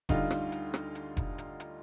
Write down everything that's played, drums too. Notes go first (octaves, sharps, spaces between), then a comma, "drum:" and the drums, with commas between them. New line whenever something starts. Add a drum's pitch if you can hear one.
D2 D3 G3 D#4 F4, drum: kick F1, hi-hat
drum: rim click
drum: hi-hat
drum: rim click
drum: hi-hat
drum: kick F1, hi-hat
drum: hi-hat
drum: hi-hat